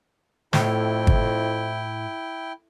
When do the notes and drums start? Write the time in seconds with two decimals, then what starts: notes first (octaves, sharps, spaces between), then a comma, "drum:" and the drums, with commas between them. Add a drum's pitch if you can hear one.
0.53 F2 A2 E4 G5, drum: snare
1.07 drum: kick